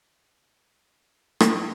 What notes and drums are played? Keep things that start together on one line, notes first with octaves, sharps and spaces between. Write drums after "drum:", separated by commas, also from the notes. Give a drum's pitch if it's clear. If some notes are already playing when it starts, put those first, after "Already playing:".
G#4 A5 E6 F#6 D7
drum: rim click